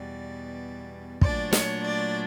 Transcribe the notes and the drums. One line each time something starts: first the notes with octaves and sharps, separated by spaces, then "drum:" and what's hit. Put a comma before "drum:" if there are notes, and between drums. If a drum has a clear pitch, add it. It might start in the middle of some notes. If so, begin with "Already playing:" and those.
Already playing: E2 B2 G3 D5
A#2 F#3 A3 D4 D5, drum: kick
C#5, drum: snare
D5